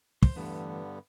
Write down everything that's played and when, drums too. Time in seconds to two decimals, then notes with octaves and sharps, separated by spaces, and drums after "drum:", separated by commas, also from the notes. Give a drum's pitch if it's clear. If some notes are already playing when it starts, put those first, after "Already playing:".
0.22 C5, drum: kick
0.36 G2 D3 E3 A3 B3